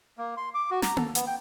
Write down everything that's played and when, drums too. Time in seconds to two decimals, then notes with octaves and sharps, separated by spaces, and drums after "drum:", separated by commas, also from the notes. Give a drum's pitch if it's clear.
0.18 A#3
0.37 C6
0.54 D6
0.71 F#4
0.82 A#5, drum: snare
0.97 A4, drum: tom A#3
1.15 B3, drum: hi-hat
1.27 G5